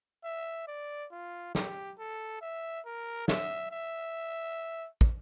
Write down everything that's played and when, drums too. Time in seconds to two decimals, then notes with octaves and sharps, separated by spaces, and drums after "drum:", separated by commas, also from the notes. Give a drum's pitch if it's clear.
0.24 E5
0.68 D5
1.12 F4
1.55 G4, drum: snare
1.99 A4
2.41 E5
2.86 A#4
3.28 E5, drum: snare
3.71 E5
5.01 drum: kick